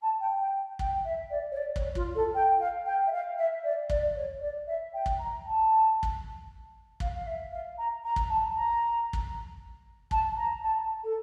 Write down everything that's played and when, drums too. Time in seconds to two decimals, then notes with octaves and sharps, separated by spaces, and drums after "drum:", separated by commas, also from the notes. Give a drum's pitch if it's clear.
0.02 A5
0.20 G5
0.41 G5
0.79 G5, drum: kick
1.04 E5
1.30 D5
1.51 C#5
1.56 D5
1.76 C#5, drum: kick
1.95 F4, drum: kick
2.15 A4
2.34 G5
2.59 F5
2.85 G5
3.07 E5
3.12 F5
3.38 E5
3.63 D5
3.90 D5, drum: kick
4.15 C#5
4.41 D5
4.67 E5
4.93 G5
5.06 drum: kick
5.19 A#5
5.45 A5
6.03 drum: kick
7.00 F5, drum: kick
7.15 F5
7.26 E5
7.52 F5
7.78 A#5
8.04 A#5
8.16 drum: kick
8.29 A5
8.54 A#5
9.13 drum: kick
10.11 A5, drum: kick
10.36 A#5
10.62 A5
11.04 A4